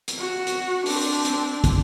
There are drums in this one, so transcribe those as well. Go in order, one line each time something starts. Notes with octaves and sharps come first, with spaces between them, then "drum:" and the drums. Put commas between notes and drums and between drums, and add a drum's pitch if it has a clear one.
drum: hi-hat
F#4
drum: hi-hat
C4 D4, drum: open hi-hat
drum: hi-hat
drum: kick, hi-hat